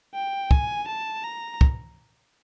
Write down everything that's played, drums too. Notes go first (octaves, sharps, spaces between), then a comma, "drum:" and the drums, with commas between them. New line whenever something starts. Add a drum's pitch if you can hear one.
G5
G#5, drum: kick
A5
A#5
drum: kick